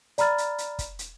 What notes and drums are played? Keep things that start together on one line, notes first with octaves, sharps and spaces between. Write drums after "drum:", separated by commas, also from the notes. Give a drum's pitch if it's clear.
D5 A#5 B5 F6 A6, drum: hi-hat
drum: hi-hat
drum: hi-hat
drum: kick, hi-hat
drum: hi-hat